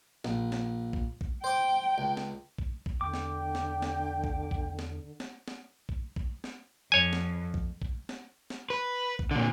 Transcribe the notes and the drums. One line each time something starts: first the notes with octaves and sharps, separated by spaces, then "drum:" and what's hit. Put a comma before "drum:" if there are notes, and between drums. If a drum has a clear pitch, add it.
A#1, drum: snare
drum: snare
drum: kick A#1
drum: kick A#1
C5 G5 D6
C#2
drum: snare
drum: kick A#1
drum: kick A#1
E2 D3 G5 D6
drum: snare
drum: snare
drum: snare
drum: kick A#1
drum: kick A#1
drum: snare
drum: snare
drum: snare
drum: kick A#1
drum: kick A#1
drum: snare
F2 C#5 G#5
drum: snare
drum: kick A#1
drum: kick A#1
drum: snare
drum: snare
B4
drum: kick A#1
A#2 D3